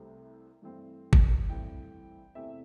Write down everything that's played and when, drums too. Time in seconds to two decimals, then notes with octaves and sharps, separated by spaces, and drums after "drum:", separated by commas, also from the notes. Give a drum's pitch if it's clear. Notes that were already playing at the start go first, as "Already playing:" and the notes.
Already playing: C2 C3 A3 C4
0.62 G2 E3 A3 C4
1.13 drum: kick
1.48 G2 E3 A3 C4 G5
2.35 E2 C3 A3 C4 E5